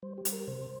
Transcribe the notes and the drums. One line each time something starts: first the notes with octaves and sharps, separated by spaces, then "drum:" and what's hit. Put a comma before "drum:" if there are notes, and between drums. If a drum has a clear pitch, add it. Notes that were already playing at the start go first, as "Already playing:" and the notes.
G3 C5
G4
G3, drum: hi-hat
A#4
C3 C5